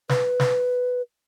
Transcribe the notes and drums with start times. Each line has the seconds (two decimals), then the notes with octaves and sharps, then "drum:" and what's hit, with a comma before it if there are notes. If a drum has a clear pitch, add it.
0.09 B4, drum: snare
0.40 drum: snare